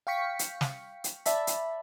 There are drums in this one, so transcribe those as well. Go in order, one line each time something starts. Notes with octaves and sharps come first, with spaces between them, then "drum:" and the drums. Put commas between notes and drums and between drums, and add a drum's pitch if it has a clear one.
F5 G5 C#6 B6 C#7
drum: hi-hat
drum: snare
drum: hi-hat
D5 E5 A5 B5, drum: hi-hat
drum: hi-hat